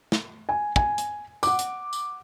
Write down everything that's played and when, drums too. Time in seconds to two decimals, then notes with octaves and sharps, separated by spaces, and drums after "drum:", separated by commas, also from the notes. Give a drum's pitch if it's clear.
0.12 drum: snare
0.49 G#5
0.76 G#5, drum: kick
0.98 drum: hi-hat
1.43 F#5 D6, drum: tambourine
1.59 drum: hi-hat
1.93 drum: tambourine